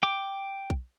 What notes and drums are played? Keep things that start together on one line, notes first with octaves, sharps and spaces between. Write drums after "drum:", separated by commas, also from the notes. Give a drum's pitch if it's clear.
G5 D6
drum: kick